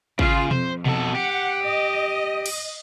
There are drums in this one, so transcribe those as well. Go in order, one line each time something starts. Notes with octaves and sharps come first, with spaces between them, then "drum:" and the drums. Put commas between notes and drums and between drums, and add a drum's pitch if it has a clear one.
C#3 F4, drum: kick
F2 C5, drum: tom B2
B2 A4, drum: tom B2
G4 F#5
D#5
drum: cymbal